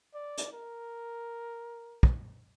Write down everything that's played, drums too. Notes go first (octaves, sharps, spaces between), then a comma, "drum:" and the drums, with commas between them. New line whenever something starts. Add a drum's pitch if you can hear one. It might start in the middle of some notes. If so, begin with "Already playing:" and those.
D5
drum: hi-hat
A#4
drum: kick